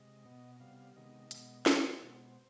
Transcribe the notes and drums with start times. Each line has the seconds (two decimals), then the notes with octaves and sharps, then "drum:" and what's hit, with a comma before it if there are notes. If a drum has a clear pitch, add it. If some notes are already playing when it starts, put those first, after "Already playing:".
Already playing: C3 G#3 D#5
0.25 B2 B3
0.60 C3 G3 B3 F5
0.96 C3 D#3 G#3 B3 D#5
1.31 B2 G#3 B3, drum: hi-hat
1.66 D#3 B3, drum: snare
1.84 C5
2.03 B2 G#3 B3